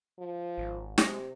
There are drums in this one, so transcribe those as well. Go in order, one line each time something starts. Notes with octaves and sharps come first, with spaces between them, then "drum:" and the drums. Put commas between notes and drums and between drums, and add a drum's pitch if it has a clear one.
F3
G#1
C3 G#3, drum: snare